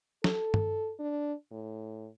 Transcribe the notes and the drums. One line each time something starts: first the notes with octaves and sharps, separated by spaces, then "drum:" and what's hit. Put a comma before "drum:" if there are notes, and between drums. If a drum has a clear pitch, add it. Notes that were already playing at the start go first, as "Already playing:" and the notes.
A4, drum: snare
drum: tom G2
D4
A2